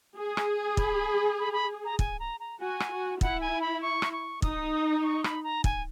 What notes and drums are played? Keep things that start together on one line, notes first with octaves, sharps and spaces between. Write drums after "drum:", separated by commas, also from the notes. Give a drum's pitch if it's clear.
G#4
drum: rim click
B5, drum: kick
B5
B5
A#5
G#5, drum: kick
A#5
A#5
F#4 G#5
drum: rim click
F#4
E4 F#5, drum: kick
G#5
B5
C#6
drum: rim click
C#6
D#4 D#6, drum: kick
C#6
B5, drum: rim click
A#5
G#5, drum: kick